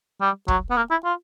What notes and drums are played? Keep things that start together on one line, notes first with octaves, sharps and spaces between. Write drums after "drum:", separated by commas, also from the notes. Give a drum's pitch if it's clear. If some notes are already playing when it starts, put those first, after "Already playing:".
G3
F#3, drum: kick
B3
A#3
E4
F4